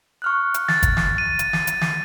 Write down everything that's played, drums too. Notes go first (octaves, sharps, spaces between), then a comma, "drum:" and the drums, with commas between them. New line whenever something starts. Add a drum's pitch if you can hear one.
C#6 F6 F#6
drum: hi-hat
A6, drum: snare
drum: kick, hi-hat
drum: snare
D#7
drum: hi-hat
drum: snare
drum: hi-hat
drum: snare